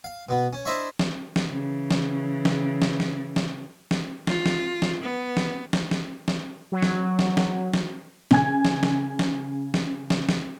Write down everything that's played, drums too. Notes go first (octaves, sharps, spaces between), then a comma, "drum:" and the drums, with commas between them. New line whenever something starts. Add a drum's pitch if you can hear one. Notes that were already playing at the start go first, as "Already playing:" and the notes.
F5
B2 B3
C#4
D4 E4 C5 D#5 E5 C#6
drum: snare
drum: snare
C#3 E3
drum: snare
drum: snare
drum: snare
drum: snare
drum: snare
drum: snare
F4, drum: snare
drum: snare
drum: snare
B3
drum: snare
drum: snare
drum: snare
drum: snare
F#3
drum: snare
drum: snare
drum: snare
drum: snare
C#3 G#5 G#6, drum: snare
drum: snare
drum: snare
drum: snare
drum: snare
drum: snare
drum: snare